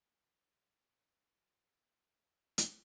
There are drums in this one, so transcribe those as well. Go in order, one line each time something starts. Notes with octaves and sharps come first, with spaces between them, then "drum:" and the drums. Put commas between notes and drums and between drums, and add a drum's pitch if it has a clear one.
C#3
D#3 G3
D#3
A2 D#4 E4
D#3 E3 A3
F#2 F4
drum: hi-hat